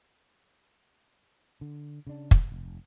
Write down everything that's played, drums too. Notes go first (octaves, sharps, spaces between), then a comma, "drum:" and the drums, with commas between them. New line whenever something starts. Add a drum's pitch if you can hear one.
D3
C#3 D4
drum: kick
F1